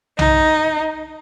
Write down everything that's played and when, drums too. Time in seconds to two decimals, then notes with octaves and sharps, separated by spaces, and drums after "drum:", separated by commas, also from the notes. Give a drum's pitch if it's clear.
0.19 D#4, drum: tom B1